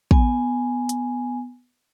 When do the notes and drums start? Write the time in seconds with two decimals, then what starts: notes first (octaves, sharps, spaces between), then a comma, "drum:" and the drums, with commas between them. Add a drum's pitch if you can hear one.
0.11 B3 G#5, drum: kick
0.89 drum: hi-hat